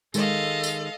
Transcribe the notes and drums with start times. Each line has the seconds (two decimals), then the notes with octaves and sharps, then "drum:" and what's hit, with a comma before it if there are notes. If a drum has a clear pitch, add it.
0.14 D#3 G#3 A4 D#5 F5, drum: tambourine
0.64 drum: tambourine